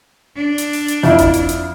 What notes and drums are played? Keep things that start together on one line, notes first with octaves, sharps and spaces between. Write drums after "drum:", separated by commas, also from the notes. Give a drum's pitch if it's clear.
D4
drum: hi-hat
drum: open hi-hat
drum: hi-hat
F2 E4, drum: snare
drum: kick F#1, hi-hat
drum: hi-hat
drum: hi-hat